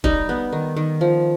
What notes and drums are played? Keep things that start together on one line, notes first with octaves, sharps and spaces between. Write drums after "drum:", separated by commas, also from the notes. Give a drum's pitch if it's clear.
G3 D#4, drum: kick
B3
D#3
D#3
F3